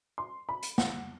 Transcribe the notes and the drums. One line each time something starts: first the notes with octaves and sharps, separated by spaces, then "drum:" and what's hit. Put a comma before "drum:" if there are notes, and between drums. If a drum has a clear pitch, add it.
C6
B5
drum: hi-hat
F#5, drum: snare